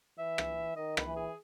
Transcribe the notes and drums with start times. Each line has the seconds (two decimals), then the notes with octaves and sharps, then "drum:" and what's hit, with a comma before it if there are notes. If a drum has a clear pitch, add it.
0.19 E3 E5
0.38 drum: rim click
0.76 D#3 D#5
0.97 B4, drum: rim click
1.06 E3
1.16 G#4